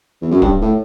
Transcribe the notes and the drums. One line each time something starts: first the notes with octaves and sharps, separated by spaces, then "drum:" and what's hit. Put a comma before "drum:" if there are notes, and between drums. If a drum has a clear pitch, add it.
E2
F#2
G2, drum: kick
A2